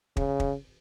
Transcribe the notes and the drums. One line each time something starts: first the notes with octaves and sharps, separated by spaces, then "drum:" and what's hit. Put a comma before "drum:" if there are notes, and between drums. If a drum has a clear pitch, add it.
C#3, drum: kick
drum: kick